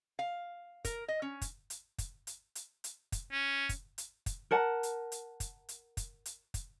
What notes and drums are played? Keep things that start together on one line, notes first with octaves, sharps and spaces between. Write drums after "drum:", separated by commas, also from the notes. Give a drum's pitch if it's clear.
F5
A#4, drum: kick, hi-hat
D#5
C#4
drum: kick, hi-hat
drum: hi-hat
drum: kick, hi-hat
drum: hi-hat
drum: hi-hat
drum: hi-hat
drum: kick, hi-hat
C#4
drum: kick, hi-hat
drum: hi-hat
drum: kick, hi-hat
A#4 F#5 A5
drum: hi-hat
drum: hi-hat
drum: kick, hi-hat
drum: hi-hat
drum: kick, hi-hat
drum: hi-hat
drum: kick, hi-hat